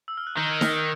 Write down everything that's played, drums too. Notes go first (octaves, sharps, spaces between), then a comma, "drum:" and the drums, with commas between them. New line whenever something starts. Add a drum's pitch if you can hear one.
E6
F6
F#6
D#3 G6
G#6
C#7, drum: snare D#4
D7